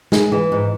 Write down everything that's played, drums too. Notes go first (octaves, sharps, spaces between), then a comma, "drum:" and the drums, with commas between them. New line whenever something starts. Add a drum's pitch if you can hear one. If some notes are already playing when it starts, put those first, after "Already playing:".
G#3, drum: snare
E3
G#2